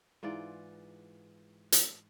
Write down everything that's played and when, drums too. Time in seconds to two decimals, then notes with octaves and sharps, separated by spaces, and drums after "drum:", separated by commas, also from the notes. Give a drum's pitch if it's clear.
0.23 G#2 E3 F4 D5
1.72 drum: hi-hat